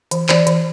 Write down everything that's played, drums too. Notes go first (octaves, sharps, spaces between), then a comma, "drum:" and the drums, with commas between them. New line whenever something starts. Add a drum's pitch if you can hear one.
E3, drum: hi-hat
E3 D5, drum: clap
E3, drum: hi-hat